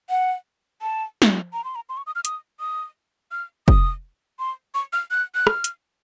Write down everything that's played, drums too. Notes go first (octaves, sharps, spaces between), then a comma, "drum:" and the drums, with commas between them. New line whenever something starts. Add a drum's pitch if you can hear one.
F#5
A5
drum: snare
A#5
C6
A#5
C6
C#6
D#6
F6
D#6, drum: hi-hat
D#6
F6
D#6, drum: kick
C6
C#6
F6
F#6
F#6
F6, drum: rim click
drum: hi-hat